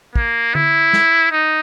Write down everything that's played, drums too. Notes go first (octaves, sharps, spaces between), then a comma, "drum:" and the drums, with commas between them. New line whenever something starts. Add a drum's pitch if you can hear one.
A#3, drum: kick
E4, drum: tom D3
drum: snare
D#4